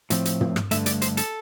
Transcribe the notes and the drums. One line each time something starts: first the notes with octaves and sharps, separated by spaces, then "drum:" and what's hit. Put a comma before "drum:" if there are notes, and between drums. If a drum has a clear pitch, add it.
A2 F3 C4, drum: hi-hat
drum: hi-hat
drum: tom
drum: rim click
G2 D3 A3 E5, drum: hi-hat
D5, drum: hi-hat
C5, drum: hi-hat
A4, drum: hi-hat